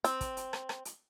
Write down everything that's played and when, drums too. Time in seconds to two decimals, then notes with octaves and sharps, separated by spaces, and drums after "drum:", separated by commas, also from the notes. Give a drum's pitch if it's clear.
0.04 C4, drum: hi-hat
0.21 drum: kick, hi-hat
0.37 drum: hi-hat
0.53 drum: rim click
0.69 drum: rim click
0.85 drum: hi-hat